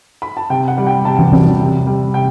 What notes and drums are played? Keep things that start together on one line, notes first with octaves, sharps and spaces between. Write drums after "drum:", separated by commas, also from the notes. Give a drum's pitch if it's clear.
B5
A5
C3 G5
F#5
G3
G5
C3 A5
drum: tom
G3, drum: tom E3
C3
G3
C3 G5